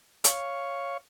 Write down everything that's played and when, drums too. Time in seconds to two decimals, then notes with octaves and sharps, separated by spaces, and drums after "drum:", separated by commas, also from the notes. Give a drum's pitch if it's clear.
0.24 C#5 F5 C#6, drum: hi-hat